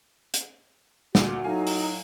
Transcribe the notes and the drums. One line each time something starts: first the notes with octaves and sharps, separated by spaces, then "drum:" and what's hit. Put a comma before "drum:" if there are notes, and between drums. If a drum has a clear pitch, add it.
drum: hi-hat
D2 A#2 F#4, drum: snare
A2 F#3 D#4 F5 G#5
drum: open hi-hat